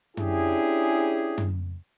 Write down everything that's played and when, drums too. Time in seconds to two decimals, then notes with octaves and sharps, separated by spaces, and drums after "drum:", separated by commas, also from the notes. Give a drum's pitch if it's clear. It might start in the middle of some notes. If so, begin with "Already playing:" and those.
0.17 C#4 D4 E4 G4 G#4, drum: tom
1.38 drum: tom